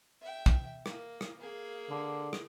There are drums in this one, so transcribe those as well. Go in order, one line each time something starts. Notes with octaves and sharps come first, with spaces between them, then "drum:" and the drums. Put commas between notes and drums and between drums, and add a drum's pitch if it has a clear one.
E5 G5
drum: kick
A#3, drum: rim click
drum: rim click
A#3 G#4
D3
drum: rim click